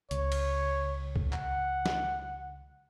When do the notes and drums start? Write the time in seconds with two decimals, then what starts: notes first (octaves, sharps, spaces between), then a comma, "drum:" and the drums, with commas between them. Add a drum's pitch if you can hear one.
0.11 C#2 C#5, drum: hi-hat
0.32 drum: cymbal
1.16 drum: kick
1.33 F#5, drum: clap
1.86 drum: snare